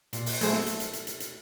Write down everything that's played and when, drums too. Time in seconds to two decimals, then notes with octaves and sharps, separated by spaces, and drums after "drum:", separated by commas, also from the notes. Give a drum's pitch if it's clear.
0.13 A#2, drum: hi-hat
0.26 drum: open hi-hat
0.41 F#3 A3 G#4 C5, drum: hi-hat
0.53 drum: snare
0.67 drum: hi-hat
0.80 drum: hi-hat
0.93 drum: hi-hat
1.07 drum: hi-hat
1.20 drum: hi-hat